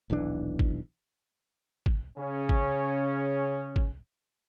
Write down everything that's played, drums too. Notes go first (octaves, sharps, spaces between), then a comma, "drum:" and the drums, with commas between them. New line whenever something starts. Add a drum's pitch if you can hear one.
D#1 B1 E3 D4
drum: kick
drum: kick
C#3 C#4
drum: kick
drum: kick